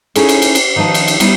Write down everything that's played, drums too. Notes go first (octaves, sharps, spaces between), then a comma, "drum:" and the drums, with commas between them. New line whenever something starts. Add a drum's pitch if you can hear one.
C#4 D#4 E4 G#4 A4 C#5, drum: cymbal
drum: cymbal
drum: cymbal
drum: cymbal
D#3 F3 D#4 B4 A5
drum: cymbal
drum: cymbal
G3 B3 D#4 E4, drum: cymbal